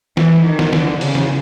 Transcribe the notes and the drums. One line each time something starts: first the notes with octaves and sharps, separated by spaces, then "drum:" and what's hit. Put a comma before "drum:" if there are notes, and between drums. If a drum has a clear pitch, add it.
E3, drum: snare
D#3
drum: snare
D3, drum: snare
C#3, drum: open hi-hat
drum: snare